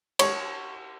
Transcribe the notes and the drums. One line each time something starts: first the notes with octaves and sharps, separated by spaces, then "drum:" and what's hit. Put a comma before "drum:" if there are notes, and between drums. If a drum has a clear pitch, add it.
C#5, drum: cymbal